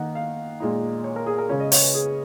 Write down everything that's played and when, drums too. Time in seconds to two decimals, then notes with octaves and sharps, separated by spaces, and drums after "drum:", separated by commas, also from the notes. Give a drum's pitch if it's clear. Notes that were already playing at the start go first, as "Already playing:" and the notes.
Already playing: D#3 A#3 D#4 F#5
0.15 F5
0.60 A#2 G#3 D#4
1.04 C#5
1.16 A#4
1.26 G#4
1.38 A#4
1.49 C#3 G#3 C#4 C#5
1.60 D#5
1.72 C#5, drum: open hi-hat
1.82 B4
1.94 G#4